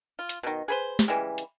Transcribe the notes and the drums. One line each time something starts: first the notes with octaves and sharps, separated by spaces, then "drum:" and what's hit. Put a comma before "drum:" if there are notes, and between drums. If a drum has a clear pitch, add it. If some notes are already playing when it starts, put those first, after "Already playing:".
F4
drum: hi-hat
B2 D#3
G#4 B4 C5
drum: snare
C#3 E3 G3 G#3
drum: hi-hat